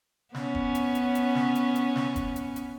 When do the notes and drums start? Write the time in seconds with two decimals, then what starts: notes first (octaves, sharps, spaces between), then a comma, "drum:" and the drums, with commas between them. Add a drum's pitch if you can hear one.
0.34 B3 C#4, drum: snare
0.55 drum: kick
0.75 drum: hi-hat
0.95 drum: hi-hat
1.15 drum: hi-hat
1.35 drum: snare
1.55 drum: hi-hat
1.75 drum: hi-hat
1.96 drum: snare
2.16 drum: kick, hi-hat
2.36 drum: hi-hat
2.56 drum: hi-hat